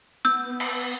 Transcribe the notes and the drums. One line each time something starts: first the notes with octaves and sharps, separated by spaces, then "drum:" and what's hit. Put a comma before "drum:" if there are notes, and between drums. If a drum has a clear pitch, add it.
B3 E6 G6
drum: cymbal